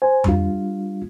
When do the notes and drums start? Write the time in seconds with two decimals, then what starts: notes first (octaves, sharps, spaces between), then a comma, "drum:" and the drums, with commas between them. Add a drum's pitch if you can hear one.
0.02 C5 G#5
0.24 G3 D4 F4, drum: tom F2